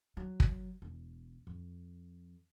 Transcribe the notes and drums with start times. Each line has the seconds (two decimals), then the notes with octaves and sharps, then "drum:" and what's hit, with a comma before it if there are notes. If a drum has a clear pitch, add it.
0.17 F#3
0.40 drum: kick
0.82 E1
1.47 F2